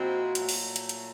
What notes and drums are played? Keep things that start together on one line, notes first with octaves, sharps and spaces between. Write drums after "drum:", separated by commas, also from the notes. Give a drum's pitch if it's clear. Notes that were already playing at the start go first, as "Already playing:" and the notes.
Already playing: A#2 F3 G#3 C4 E4 F#4
A#2 F#3 A3, drum: hi-hat
drum: open hi-hat
drum: hi-hat
drum: hi-hat